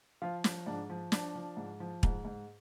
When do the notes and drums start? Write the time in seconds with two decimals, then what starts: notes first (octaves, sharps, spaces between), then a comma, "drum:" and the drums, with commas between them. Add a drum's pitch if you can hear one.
0.22 F3 F4
0.44 F3, drum: snare
0.66 G#2 D4
0.90 F3
1.12 F3 D4, drum: snare
1.35 F3
1.57 G#2
1.80 F3
2.03 G#2, drum: kick
2.25 G#2